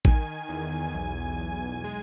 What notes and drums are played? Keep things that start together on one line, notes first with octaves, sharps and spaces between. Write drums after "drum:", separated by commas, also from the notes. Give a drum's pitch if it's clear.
D#3 G#5, drum: kick
E2
B1
B1
G#3 G#5